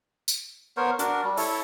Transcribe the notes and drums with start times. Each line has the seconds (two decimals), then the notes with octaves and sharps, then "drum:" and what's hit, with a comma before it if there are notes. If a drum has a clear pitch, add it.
0.28 drum: tambourine
0.77 B3 A#4 C5 C#5
0.99 D4 F#4 A#4, drum: hi-hat
1.24 G3
1.37 E4 A4 C#5, drum: open hi-hat